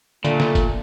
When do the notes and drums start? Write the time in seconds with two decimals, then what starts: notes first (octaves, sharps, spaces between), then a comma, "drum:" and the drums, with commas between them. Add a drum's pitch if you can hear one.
0.24 A#2 D3 A3, drum: tambourine
0.40 drum: snare
0.55 drum: kick, tambourine